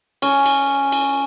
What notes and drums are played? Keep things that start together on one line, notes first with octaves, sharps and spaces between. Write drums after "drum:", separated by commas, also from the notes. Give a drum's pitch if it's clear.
C#4, drum: cymbal
drum: cymbal
drum: cymbal